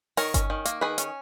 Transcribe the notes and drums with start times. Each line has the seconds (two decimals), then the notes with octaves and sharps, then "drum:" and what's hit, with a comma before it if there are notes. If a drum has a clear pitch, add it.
0.17 D#3 A#4 C#5, drum: open hi-hat
0.34 C#4, drum: kick G1, hi-hat
0.50 D#3
0.65 A#3, drum: hi-hat
0.81 D#3 G#4 B4
0.98 C#4, drum: hi-hat